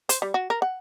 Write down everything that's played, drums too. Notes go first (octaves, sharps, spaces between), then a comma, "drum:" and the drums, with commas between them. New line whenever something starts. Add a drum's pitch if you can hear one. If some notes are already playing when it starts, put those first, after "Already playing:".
C5, drum: hi-hat
G3
F#4
A#4
F#5